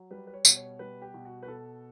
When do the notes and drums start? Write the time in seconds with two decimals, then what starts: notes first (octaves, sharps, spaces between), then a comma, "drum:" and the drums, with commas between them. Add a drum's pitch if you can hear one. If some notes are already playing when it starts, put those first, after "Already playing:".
Already playing: F#3
0.11 G3 B4
0.27 B4
0.34 C#5
0.45 B2, drum: tambourine
0.56 C#5
0.79 G3 B4
1.02 G4
1.14 B2
1.25 F#4
1.43 B4
1.47 B2 A4